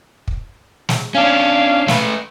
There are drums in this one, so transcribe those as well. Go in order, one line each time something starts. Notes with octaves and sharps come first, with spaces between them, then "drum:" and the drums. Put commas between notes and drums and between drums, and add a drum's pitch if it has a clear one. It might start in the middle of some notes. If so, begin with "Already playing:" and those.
drum: kick
drum: snare
C#4 D4 F5
A3 B4, drum: snare